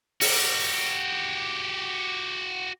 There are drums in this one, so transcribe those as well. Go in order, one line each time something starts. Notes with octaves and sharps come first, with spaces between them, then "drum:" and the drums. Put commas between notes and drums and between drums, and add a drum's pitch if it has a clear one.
F#4 G4, drum: open hi-hat